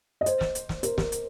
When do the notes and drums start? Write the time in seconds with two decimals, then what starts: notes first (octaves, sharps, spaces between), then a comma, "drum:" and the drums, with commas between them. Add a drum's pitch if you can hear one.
0.21 D#5
0.26 C5, drum: hi-hat
0.41 drum: snare
0.55 drum: hi-hat
0.69 drum: snare
0.83 A#4, drum: hi-hat
0.98 A#4, drum: snare
1.12 drum: hi-hat